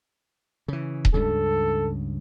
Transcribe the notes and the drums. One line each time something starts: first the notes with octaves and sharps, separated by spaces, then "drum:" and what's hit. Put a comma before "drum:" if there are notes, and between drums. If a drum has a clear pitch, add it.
C#3 E3
drum: kick D#1
C#2 G2 C#3 A4